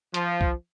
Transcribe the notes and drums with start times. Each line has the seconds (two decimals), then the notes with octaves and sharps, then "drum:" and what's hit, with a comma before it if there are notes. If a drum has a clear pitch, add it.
0.14 F3, drum: hi-hat
0.41 drum: kick B1